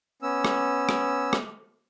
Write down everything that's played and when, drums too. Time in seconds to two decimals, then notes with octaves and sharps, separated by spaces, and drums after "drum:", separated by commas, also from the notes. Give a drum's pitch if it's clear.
0.22 B3 C#4 E6
0.44 drum: rim click
0.89 drum: rim click
1.33 drum: rim click